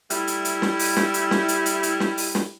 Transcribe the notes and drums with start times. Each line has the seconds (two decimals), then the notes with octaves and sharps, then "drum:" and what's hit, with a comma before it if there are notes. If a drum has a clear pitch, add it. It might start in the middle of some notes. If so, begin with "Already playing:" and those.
0.10 G3 A3 E4, drum: hi-hat
0.27 drum: hi-hat
0.45 drum: hi-hat
0.62 drum: snare
0.79 drum: open hi-hat
0.97 drum: snare
1.14 drum: hi-hat
1.31 drum: snare
1.48 drum: hi-hat
1.66 drum: hi-hat
1.83 drum: hi-hat
2.00 drum: snare
2.18 drum: open hi-hat
2.35 drum: snare